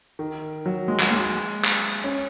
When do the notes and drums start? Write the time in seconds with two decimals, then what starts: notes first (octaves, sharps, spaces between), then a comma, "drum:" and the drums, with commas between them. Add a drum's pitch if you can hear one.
0.19 D#3
0.66 F#3
0.88 G#3
1.00 F#3, drum: clap
1.11 G#3
1.65 drum: clap
2.04 C#4